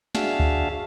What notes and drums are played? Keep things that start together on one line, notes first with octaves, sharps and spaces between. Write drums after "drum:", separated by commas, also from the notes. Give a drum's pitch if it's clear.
D4 F#4 G#4 E5 F5 A5, drum: snare
drum: kick